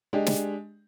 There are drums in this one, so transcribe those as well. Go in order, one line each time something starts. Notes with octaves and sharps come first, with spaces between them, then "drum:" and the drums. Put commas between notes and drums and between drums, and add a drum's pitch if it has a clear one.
G#3 D4 G4
drum: snare